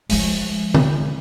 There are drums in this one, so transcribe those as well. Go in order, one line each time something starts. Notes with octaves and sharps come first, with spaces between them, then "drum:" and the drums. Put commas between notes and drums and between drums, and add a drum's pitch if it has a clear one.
F3 G#3, drum: open hi-hat
drum: tom D3